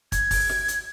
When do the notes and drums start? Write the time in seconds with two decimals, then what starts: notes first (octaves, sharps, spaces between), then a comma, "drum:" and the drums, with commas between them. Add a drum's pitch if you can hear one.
0.12 G#6, drum: kick, hi-hat
0.31 drum: kick, open hi-hat
0.49 drum: snare
0.68 drum: hi-hat